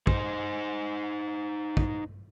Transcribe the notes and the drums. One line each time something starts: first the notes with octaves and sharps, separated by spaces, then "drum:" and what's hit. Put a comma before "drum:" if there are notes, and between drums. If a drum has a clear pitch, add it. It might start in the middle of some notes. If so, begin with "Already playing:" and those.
D#4 C5, drum: kick
drum: kick